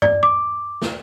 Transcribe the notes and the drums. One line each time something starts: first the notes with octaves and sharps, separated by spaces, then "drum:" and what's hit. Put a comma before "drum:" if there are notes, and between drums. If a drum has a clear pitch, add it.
D5, drum: tom G2
D6
drum: snare